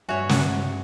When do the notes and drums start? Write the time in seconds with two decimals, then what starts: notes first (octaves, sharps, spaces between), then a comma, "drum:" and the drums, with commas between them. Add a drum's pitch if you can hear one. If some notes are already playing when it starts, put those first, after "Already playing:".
0.09 G2 D4 F#4 C#5 E5 G#5
0.29 drum: snare